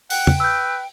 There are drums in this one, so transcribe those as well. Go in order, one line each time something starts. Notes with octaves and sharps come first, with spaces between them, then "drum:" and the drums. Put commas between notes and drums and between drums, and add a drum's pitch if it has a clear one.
F#5 G5, drum: open hi-hat
drum: tom
B4 E6 G6